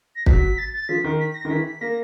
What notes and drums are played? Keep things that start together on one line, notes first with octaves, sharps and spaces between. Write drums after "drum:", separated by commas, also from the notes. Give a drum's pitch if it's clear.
A#6
F#3 B6, drum: kick
A6
A6
F3 B6
D#3
B6
A#6
D#3
E3 B6
B6
A#3 A#6